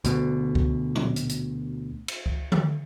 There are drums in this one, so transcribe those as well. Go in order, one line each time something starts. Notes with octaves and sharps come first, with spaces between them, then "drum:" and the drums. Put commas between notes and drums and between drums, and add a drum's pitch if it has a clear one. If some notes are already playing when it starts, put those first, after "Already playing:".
D2 B2, drum: hi-hat
drum: kick
drum: tom
drum: hi-hat
drum: hi-hat
drum: cymbal
drum: kick
drum: tom D3